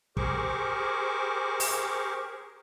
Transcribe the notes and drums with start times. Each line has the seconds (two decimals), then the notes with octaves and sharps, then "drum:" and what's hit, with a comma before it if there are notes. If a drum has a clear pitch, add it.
0.17 G4 G#4 A#4 C5 C#6 D6, drum: kick
1.60 drum: open hi-hat